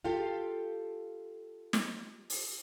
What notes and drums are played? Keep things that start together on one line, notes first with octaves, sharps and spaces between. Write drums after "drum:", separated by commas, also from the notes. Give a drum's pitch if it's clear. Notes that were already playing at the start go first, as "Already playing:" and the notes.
F4 G4 A4 F5
drum: snare
drum: open hi-hat